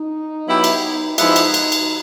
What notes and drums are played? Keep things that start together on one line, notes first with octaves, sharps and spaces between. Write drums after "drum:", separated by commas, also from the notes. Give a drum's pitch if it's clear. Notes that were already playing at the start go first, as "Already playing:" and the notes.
Already playing: D#4
F#3 B3 E4 G4
drum: cymbal
F3 G#3 B3 D#4 E4, drum: cymbal
drum: cymbal
drum: cymbal
drum: cymbal